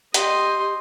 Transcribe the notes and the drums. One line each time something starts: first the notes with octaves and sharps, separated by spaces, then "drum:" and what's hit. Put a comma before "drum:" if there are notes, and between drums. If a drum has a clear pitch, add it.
G4 D#5 C6, drum: hi-hat